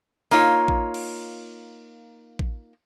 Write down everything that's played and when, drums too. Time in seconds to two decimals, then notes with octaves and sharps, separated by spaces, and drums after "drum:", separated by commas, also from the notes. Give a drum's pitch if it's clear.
0.31 A#3 D#4 F4 C#5, drum: open hi-hat
0.68 drum: kick A1
0.94 drum: cymbal
2.39 drum: kick A1